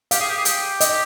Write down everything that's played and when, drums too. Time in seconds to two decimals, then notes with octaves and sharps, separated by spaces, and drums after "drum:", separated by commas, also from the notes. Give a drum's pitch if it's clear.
0.11 G4 F5, drum: hi-hat
0.20 G#4
0.29 G4
0.37 G#4
0.45 G4, drum: hi-hat
0.81 D#5, drum: hi-hat